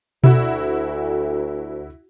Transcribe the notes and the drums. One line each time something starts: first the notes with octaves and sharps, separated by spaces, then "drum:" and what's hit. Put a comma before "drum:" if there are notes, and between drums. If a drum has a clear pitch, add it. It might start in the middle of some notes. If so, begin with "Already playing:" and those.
D2 E4 F#4, drum: tom B2